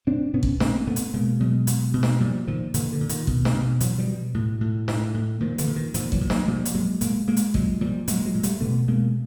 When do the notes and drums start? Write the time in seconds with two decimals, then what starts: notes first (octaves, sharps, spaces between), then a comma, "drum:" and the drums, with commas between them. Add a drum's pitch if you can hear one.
0.07 A#2 C4 D4
0.34 A#2 B3 C#4
0.43 drum: kick
0.60 A#2 A#3 C4, drum: snare
0.87 A#2 A3 B3
0.96 drum: hi-hat
1.14 B2 G#3 A#3
1.40 B2 F#3 G#3
1.67 B2, drum: hi-hat
1.94 B2
2.03 drum: snare
2.20 A#2 F3 G3
2.47 A#2 D#3 F3
2.74 A#2 D3 E3, drum: hi-hat
2.92 D3
3.01 A#2
3.09 D#3, drum: hi-hat
3.27 B2, drum: kick
3.45 drum: snare
3.54 B2
3.80 B2 E3 F#3, drum: hi-hat
3.98 F3 G3
4.07 B2
4.34 A2
4.61 A2
4.88 A2, drum: snare
5.14 A2
5.40 A#2 D#3 F3
5.58 D3 E3, drum: hi-hat
5.67 A#2
5.76 D#3
5.94 A#2 D#3 F3, drum: hi-hat
6.12 E3 F#3, drum: kick
6.21 A#2
6.30 F#3 G#3, drum: snare
6.48 A#2 F3 G3
6.65 drum: hi-hat
6.74 A#2 F#3 G#3
7.01 A#2 G#3 A#3, drum: hi-hat
7.27 A#2 G#3 A#3
7.37 drum: hi-hat
7.54 A#2 F#3 G#3, drum: kick
7.81 A#2 F3 G3
8.08 A#2 F#3 G#3, drum: hi-hat
8.25 F#3 G#3
8.34 A#2
8.43 G3 A3, drum: hi-hat
8.61 B2 A3 B3
8.88 B2 G#3 A#3